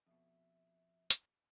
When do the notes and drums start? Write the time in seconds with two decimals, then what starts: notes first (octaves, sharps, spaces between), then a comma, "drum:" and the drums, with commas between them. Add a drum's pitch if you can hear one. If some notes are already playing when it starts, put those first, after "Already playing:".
0.06 F2 B2 E5
1.10 drum: hi-hat